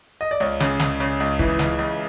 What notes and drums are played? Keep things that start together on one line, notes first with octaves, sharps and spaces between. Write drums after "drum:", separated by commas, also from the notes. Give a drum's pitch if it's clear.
D#5
D5
C#2 C#5
C#3, drum: snare
C#2, drum: snare
C#3
C#2
E3, drum: kick
C#2, drum: snare
C#2